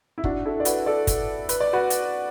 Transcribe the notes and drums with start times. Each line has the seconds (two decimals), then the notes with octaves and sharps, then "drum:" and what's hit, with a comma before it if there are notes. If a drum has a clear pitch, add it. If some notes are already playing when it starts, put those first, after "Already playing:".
0.18 E4
0.24 D4 F#4, drum: kick
0.45 E4 A4
0.60 D5
0.65 F#4 B4, drum: hi-hat
0.86 A4 D5
1.07 drum: kick, hi-hat
1.49 B4, drum: hi-hat
1.60 D5
1.73 F#4 B4
1.90 drum: hi-hat